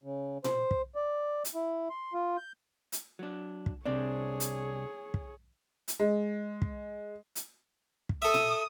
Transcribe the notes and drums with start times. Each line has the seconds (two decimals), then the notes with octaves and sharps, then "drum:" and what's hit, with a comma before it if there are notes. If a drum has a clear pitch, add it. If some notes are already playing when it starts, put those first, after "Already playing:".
0.04 C#3
0.44 C5, drum: tom A#2
0.71 drum: kick
0.95 D5
1.45 drum: hi-hat
1.55 E4
1.90 C6
2.14 F4
2.37 G6
2.92 drum: hi-hat
3.19 F#3 D4
3.66 drum: kick
3.86 C2 C3 C4 D4 G#4 C#5 D5
4.40 drum: hi-hat
5.14 drum: kick
5.88 drum: hi-hat
6.00 G#3
6.62 drum: kick
7.35 drum: hi-hat
8.09 drum: kick
8.22 A4 E5 D#6
8.34 drum: tom A#2